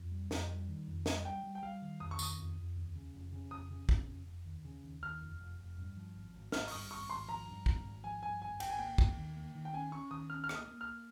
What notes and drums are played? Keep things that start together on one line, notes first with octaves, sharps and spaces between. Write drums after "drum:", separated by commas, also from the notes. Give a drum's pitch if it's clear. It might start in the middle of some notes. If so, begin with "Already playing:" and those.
Already playing: F2
G3
F2, drum: snare
G3
D#3
F2
G3, drum: snare
G3 G5
G3
G5
G3 F5
D#3
F2 D#6
C#6
D#3 D#6, drum: tambourine
F2
F2
D#2
C#3
F1
C#3
F1 D#6
C#3
C#3, drum: kick
F1
F1
D#2
C#3
D#2
D#2 F6
F1
F1
F1
G2
F3
G#1
G#1
G#1 F6, drum: snare
C#6, drum: open hi-hat
G2 D#6
G#1 C#6
G#1 C6
F3 A#5
G2
G#1, drum: kick
G#1
F3 G#5
G2 G#5
G#1 G#5
G#1 G5, drum: cymbal
G#5
A#3 G5
D#2, drum: kick
D#3
A#3
D#3
G5
C#4 G#5
C#4 C#6
D#3 D#6
C#4 F6
F6
A#3, drum: rim click
D#6
A#3
F6